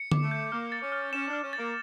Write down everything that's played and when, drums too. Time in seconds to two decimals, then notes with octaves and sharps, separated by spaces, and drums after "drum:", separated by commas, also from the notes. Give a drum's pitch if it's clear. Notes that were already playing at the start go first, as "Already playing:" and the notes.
Already playing: C#7
0.12 D6, drum: tom D3
0.21 A3
0.31 G6
0.52 A#3 F6
0.72 A6
0.82 C#4
0.92 F6
1.13 C#4 E7
1.28 D4
1.33 F6
1.42 C#4
1.53 A#3 A6